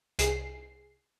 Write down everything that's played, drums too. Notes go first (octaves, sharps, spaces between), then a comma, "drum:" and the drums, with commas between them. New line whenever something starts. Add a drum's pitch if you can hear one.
C2 G#4 C7, drum: hi-hat